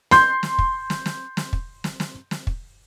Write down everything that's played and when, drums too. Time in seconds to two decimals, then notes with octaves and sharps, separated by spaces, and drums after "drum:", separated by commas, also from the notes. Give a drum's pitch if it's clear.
0.11 C6 G6, drum: snare
0.43 drum: snare
0.59 drum: kick
0.90 drum: snare
1.06 drum: snare
1.37 drum: snare
1.53 drum: kick
1.84 drum: snare
2.00 drum: snare
2.31 drum: snare
2.47 drum: kick